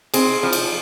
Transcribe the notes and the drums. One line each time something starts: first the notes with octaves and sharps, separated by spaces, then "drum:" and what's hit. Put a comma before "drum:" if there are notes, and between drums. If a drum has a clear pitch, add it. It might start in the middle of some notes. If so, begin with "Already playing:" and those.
C4 G#4, drum: cymbal
F3
drum: cymbal